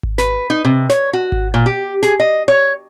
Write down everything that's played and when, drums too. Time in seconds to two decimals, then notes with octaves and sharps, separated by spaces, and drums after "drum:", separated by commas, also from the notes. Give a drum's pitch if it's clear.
0.03 drum: kick G#1
0.18 B4, drum: snare
0.50 D#4
0.65 C3
0.90 C#5, drum: snare
1.13 F#4
1.32 drum: kick G#1
1.54 A#2
1.66 G4
2.03 G#4, drum: snare
2.20 D#5
2.48 C#5